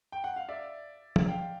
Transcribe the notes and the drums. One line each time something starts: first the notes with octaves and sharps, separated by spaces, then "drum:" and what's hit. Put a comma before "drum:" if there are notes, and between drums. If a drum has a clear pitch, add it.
G5
F#5
F5
D5 E5
drum: tom
F5 G5